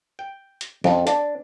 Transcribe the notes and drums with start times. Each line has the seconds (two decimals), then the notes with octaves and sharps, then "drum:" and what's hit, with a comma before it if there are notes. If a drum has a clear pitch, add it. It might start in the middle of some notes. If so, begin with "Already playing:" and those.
0.19 G5
0.61 drum: hi-hat
0.84 F2, drum: snare
1.07 D4, drum: hi-hat